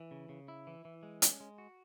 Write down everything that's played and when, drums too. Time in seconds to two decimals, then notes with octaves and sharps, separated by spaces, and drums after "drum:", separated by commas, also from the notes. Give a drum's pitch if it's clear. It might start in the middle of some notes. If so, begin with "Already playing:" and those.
Already playing: E3
0.11 C#3
0.29 C#3
0.48 E4
0.67 E3
0.85 E3
1.03 G#3
1.22 C#4, drum: hi-hat
1.40 G#3
1.58 F#4